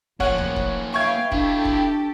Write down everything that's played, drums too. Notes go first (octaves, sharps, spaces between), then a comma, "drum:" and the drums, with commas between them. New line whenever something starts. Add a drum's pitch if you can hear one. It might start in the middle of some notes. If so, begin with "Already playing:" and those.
A1 F3 A#3 C#4 C#5 F#5, drum: kick
drum: tom C2
drum: kick
B4 E5 F5 G5 C#6 G#6
D4 E4 G4 A4 F5, drum: kick
drum: kick